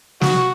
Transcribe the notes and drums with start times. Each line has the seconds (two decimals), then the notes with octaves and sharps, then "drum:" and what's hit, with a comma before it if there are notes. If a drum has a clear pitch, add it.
0.21 F#4, drum: snare